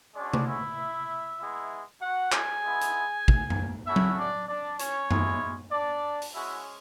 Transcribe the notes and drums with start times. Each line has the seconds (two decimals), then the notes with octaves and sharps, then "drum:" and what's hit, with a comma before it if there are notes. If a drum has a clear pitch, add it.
0.15 G#3 C#4 D4 F#4 D5
0.34 drum: tom C3
0.47 E4 E5
1.40 G#3 B3 E4
2.01 F#4 F#5
2.32 G#4 G#5, drum: clap
2.63 G#3 B3 E4
2.81 drum: hi-hat
3.28 drum: kick
3.50 drum: tom F#2
3.87 A3 C#4 E4 F#4 E5
3.96 drum: tom F#3
4.17 D4 D5
4.48 D4 D5
4.79 C#4 C#5, drum: hi-hat
5.11 G#3 C#4 E4, drum: tom F#2
5.72 D4 D5
6.22 drum: open hi-hat
6.34 G#3 C#4 E4 F#4 E5